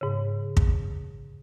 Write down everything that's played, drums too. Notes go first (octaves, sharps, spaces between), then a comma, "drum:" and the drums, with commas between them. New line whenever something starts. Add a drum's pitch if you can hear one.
G#2 C#3
drum: kick